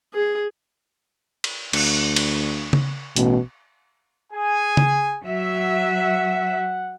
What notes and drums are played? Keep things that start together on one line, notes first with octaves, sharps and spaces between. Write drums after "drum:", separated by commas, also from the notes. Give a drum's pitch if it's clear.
G#4
drum: cymbal
D2, drum: cymbal
drum: cymbal
drum: tom C#3
A1 B2, drum: hi-hat
G#4 G#5
drum: tom C#3
F#3 E5
F#5